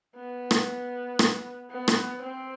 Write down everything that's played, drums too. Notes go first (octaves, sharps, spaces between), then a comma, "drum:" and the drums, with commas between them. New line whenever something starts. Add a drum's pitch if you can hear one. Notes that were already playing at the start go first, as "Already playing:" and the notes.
B3
drum: rim click
drum: rim click
B3
drum: rim click
C4